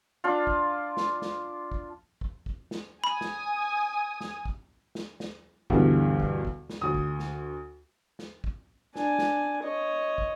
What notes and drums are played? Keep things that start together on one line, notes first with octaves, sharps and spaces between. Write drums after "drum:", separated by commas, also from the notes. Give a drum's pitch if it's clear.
D4 F4
drum: kick
drum: snare
drum: snare
drum: kick
drum: kick
drum: kick
drum: snare
G#5 B5 D#6
drum: snare
drum: snare
drum: kick
drum: snare
drum: snare
D2 G2 B2 D3 E3 G3, drum: kick
drum: kick
drum: kick
drum: snare
D2 D#6
drum: kick
drum: snare
drum: snare
drum: kick
D4 G#5, drum: snare
drum: snare
C#5 D#5
drum: kick